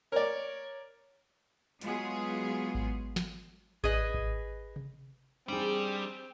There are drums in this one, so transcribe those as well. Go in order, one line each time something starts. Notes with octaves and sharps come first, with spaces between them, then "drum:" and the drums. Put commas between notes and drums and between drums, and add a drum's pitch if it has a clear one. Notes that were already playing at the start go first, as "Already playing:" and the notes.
A#4 C#5 D5
F#3 G#3 B3 F4 G#4, drum: hi-hat
drum: kick G#1
drum: snare
G#4 B4 D#5, drum: kick G#1
drum: kick G#1
drum: tom C3
G3 C4 D4 D#4 G#4